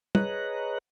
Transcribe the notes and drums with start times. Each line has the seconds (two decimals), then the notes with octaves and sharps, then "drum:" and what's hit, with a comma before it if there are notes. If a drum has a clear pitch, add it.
0.15 G#4 B4 C#5 D#5 A#5 F#6, drum: tom